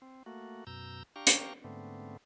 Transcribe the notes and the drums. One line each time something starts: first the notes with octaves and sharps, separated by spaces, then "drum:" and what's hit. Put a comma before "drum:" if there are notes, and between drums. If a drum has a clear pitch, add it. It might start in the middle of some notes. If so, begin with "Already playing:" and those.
C4
A3 A#3 F#4
F#2 B2 A#5 E6 G6
D4 G4 F5 G5 A#5 C#6
drum: hi-hat
G#2 D3 A3 B3 C4